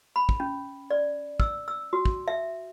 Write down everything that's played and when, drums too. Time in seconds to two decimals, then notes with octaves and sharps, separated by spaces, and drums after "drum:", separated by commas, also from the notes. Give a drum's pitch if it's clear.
0.16 B5
0.29 drum: kick
0.40 C#4
0.90 D5
1.40 E6, drum: kick
1.68 E6
1.93 F#4
2.05 drum: kick
2.28 E5